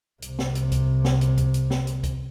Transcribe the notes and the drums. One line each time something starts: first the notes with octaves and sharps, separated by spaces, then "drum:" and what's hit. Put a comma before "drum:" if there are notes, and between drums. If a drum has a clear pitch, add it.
C2 C3, drum: hi-hat
drum: snare
drum: hi-hat
drum: kick C#2, hi-hat
drum: snare
drum: hi-hat
drum: kick C#2, hi-hat
drum: hi-hat
drum: snare
drum: hi-hat
drum: kick C#2, hi-hat